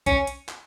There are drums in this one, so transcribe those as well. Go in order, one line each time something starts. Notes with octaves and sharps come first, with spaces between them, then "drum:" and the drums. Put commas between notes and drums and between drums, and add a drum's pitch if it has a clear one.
C#4, drum: kick B1, hi-hat
drum: hi-hat
drum: clap